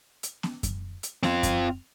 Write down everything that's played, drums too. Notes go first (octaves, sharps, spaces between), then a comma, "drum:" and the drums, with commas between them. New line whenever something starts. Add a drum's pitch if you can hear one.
drum: hi-hat
drum: snare B3
drum: kick F#2, hi-hat
drum: hi-hat
C4 F4, drum: snare B3
drum: kick F#2, hi-hat